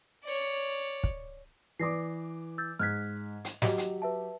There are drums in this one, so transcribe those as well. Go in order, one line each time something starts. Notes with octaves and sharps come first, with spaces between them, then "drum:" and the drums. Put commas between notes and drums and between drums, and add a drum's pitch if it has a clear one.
C#5 D5
drum: kick
E3 D5 D6 D#6 A#6 C7
E6 G6 A6
G#2 F6 F#6 G#6 B6
drum: hi-hat
F#3 G4 D#5, drum: snare
drum: hi-hat
B4 E5 A5